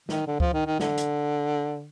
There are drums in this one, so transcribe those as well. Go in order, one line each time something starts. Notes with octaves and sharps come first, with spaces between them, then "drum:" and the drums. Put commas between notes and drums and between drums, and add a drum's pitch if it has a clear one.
D#3, drum: snare
D3
F3, drum: kick C#2
D#3
D#3
D3, drum: snare
drum: hi-hat